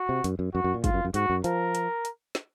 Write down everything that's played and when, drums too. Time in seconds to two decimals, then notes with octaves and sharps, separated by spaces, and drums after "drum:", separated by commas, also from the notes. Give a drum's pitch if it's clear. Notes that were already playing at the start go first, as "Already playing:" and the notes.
Already playing: F#4
0.09 C3
0.24 F#2, drum: hi-hat
0.39 F#2
0.54 F#2 F#4
0.64 F#2
0.74 A#2
0.84 G#2 F4, drum: kick, hi-hat
0.94 F#2
1.05 F#2
1.14 G#2 F#4, drum: hi-hat
1.30 F#2
1.44 F3 A#4, drum: hi-hat
1.75 drum: hi-hat
2.05 drum: hi-hat
2.35 drum: snare